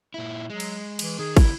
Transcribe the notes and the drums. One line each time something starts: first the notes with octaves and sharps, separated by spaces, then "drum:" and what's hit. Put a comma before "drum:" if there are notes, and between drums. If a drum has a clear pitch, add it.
A#2 E4
F#3 G#3
drum: cymbal
E3, drum: cymbal
D#3 G#4
C#2 E4 A#4, drum: kick, cymbal